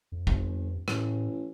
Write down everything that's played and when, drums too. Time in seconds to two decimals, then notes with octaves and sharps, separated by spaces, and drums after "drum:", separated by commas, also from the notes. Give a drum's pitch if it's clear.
0.12 F2
0.27 G1, drum: kick
0.88 A1 A2, drum: rim click